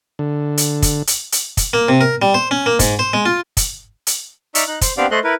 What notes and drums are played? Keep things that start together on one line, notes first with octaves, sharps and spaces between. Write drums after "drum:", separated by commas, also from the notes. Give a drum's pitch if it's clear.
D3
drum: hi-hat
drum: kick, hi-hat
drum: hi-hat
drum: hi-hat
drum: kick, hi-hat
A#3
C3
A#4
G3
C5
C#4
A#3
G#2, drum: kick, hi-hat
C5
G#3
F4
drum: kick, hi-hat
drum: hi-hat
D#4 D5 E5 C#6 E6 F6, drum: hi-hat
D#4 F#6
C5, drum: kick, hi-hat
B3 C4 D4 G4 D5 F5
A3 A4 C5 D#5 C6 F#6
E4 A#4 B4